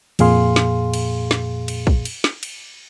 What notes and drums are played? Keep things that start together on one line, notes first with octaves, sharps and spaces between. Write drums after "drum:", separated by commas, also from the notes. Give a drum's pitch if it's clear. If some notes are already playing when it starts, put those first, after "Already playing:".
F2 A#2 G#4 F5 C6, drum: cymbal
drum: snare
drum: cymbal
drum: snare
drum: cymbal
drum: kick
drum: cymbal
drum: snare
drum: cymbal